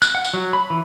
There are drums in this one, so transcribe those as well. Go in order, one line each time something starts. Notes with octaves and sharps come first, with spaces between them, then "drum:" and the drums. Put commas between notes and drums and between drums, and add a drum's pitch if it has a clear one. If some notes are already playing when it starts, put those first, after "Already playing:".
F#6, drum: tambourine
F#5
drum: tambourine
F#3
B5
E3